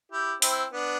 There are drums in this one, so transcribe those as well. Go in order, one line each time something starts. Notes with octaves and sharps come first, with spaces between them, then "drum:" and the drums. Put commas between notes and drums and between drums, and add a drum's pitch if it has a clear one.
E4 G4
C4 E4, drum: open hi-hat
B3 D4